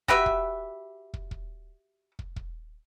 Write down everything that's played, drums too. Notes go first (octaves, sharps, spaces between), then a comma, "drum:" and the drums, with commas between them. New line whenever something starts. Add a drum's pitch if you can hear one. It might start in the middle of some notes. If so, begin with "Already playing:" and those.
F#4 G4 B4 E5, drum: kick
drum: kick
drum: kick
drum: kick
drum: kick
drum: kick